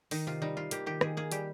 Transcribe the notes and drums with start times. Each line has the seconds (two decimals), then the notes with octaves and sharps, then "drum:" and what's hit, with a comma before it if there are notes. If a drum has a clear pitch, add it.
0.11 D#3 D#4, drum: open hi-hat
0.27 C3 F4
0.42 G3 D#4
0.57 C3 F4
0.71 A#3 G4, drum: hi-hat
0.86 D#3 G4
1.01 D#3 G#4, drum: rim click
1.17 A#3 G#4
1.31 G3 G4, drum: hi-hat